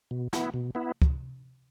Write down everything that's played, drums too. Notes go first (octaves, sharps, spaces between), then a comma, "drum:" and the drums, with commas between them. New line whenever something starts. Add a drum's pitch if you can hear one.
B2
B3 E4, drum: snare
B2
B3 E4
drum: kick